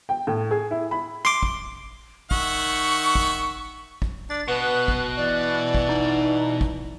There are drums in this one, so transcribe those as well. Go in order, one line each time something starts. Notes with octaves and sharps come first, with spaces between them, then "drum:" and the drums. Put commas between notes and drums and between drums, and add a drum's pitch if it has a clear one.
G5
A2
G#4
E4
B5
C6 D6
drum: kick
D#3 E5 F#5 C#6, drum: kick
drum: kick
drum: kick
D4 A6
B2 B3 B4 F#6
drum: kick
E3 D5
drum: kick
D#4
drum: kick